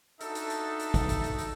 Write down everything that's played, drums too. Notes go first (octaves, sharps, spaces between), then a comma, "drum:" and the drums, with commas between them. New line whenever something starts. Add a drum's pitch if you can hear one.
D4 D#4 F#4 A4 E5, drum: hi-hat
drum: hi-hat
drum: hi-hat
drum: hi-hat
drum: kick, hi-hat
drum: hi-hat
drum: hi-hat
drum: hi-hat